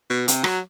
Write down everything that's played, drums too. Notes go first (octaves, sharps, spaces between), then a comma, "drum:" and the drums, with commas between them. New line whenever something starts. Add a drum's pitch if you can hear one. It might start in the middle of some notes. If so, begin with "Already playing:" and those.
B2
C3, drum: hi-hat
F#3, drum: rim click